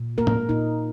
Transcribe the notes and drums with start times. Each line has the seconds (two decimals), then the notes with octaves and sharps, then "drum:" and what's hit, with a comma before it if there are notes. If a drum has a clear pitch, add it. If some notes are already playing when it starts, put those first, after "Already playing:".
Already playing: A#2
0.18 A#3 A#4
0.27 drum: tom
0.49 A#2 D#4